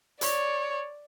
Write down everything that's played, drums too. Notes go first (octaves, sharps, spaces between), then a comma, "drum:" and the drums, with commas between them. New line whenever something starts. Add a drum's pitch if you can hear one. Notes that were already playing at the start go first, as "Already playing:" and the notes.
C#5 D5, drum: hi-hat